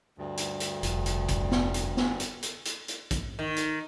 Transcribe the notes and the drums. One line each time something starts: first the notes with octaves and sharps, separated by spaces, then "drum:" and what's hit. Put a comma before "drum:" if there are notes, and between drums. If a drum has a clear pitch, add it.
D2 G2
drum: hi-hat
drum: hi-hat
F1, drum: hi-hat
drum: hi-hat
drum: kick, hi-hat
drum: snare
drum: hi-hat
drum: snare
drum: hi-hat
drum: hi-hat
drum: hi-hat
drum: hi-hat
drum: kick, hi-hat
D#3
drum: hi-hat